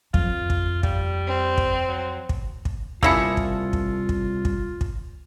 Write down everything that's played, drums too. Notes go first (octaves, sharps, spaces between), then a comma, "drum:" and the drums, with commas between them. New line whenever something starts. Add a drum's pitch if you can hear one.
F2 F4, drum: kick
drum: kick
G3, drum: kick
C4
drum: kick
F#3
drum: kick
drum: kick
C2 A#3 E4 F4 G#4 A4 E6 C#7, drum: kick
drum: kick
drum: kick
drum: kick
drum: kick
drum: kick